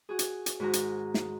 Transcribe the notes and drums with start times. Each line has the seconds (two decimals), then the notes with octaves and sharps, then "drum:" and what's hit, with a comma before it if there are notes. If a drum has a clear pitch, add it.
0.09 F#4 G#4
0.19 drum: hi-hat
0.46 drum: hi-hat
0.60 G#2 D#3 F#4 A#5
0.73 drum: hi-hat
1.14 drum: snare